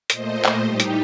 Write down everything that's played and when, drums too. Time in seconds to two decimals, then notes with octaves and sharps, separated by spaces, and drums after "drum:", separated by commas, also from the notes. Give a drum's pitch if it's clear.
0.10 A#2 A3 C5 D#5, drum: hi-hat
0.45 drum: clap
0.62 A2 G3 D#4 G4
0.80 drum: hi-hat